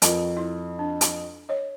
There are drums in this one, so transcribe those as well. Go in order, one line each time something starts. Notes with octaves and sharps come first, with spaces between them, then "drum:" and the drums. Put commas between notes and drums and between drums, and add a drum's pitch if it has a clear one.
F2 A#4, drum: hi-hat
E4
D4
drum: hi-hat
C#5 D#5